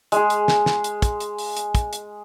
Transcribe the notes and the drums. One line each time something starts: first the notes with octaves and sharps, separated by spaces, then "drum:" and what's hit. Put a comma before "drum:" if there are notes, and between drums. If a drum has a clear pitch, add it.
G#3 G#4, drum: hi-hat
drum: hi-hat
drum: snare
drum: snare
drum: hi-hat
drum: kick, hi-hat
drum: hi-hat
drum: open hi-hat
drum: hi-hat
drum: kick, hi-hat
drum: hi-hat